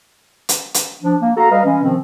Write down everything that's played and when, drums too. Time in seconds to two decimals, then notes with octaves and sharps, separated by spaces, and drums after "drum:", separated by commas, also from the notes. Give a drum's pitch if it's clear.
0.49 drum: hi-hat
0.74 drum: hi-hat
1.04 F3 D4
1.22 A#3
1.37 F#4 A4 F5 A#5
1.51 G3 B4 D#5 F5
1.65 E3 G#3 C#4
1.83 C3 D#3 F3 C4